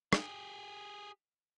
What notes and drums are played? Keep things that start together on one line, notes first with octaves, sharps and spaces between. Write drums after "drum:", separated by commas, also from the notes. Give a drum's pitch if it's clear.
G4 G#4, drum: rim click